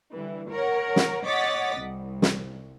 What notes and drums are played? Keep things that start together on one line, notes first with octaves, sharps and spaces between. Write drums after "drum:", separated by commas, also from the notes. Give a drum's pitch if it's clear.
D3 E3 G3
A#4 C#5 F#5
drum: snare
C#5 D#5 F#5 D6 A6 B6
C2
drum: snare